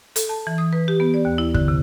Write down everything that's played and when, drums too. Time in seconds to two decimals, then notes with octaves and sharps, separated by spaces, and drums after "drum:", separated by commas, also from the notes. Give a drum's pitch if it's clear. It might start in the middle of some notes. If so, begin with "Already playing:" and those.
0.16 A4, drum: hi-hat
0.29 A5
0.47 E3
0.58 D#6
0.73 B4
0.88 G4
1.00 B3
1.14 D5
1.25 D#2
1.38 E4
1.55 D3, drum: kick
1.68 C3